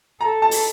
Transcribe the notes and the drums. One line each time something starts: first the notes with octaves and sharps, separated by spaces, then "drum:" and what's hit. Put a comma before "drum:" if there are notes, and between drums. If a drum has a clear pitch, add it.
A4 A#5
A5
drum: open hi-hat